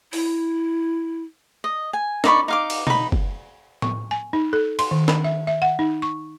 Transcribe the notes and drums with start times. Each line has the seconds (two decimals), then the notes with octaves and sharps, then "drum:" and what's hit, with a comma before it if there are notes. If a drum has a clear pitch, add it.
0.13 E4, drum: open hi-hat
1.64 D#5
1.93 G#5
2.24 D#4 D5 B5 C#6, drum: snare
2.48 D#4 F5 D6
2.70 drum: cymbal
2.87 D#4 B5, drum: tom B2
3.12 drum: kick
3.82 C#6, drum: tom A2
4.11 G#5
4.33 D#4
4.53 A4
4.79 C6, drum: cymbal
4.91 D#3
5.08 B5, drum: snare
5.24 E5
5.47 E5
5.62 F#5
5.79 D#4
6.02 C#6